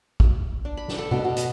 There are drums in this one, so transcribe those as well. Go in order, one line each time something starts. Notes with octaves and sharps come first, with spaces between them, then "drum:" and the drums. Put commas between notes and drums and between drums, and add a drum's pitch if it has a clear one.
drum: kick
D4
B5
drum: snare
A4
B2, drum: tom B2
B2
D#5, drum: hi-hat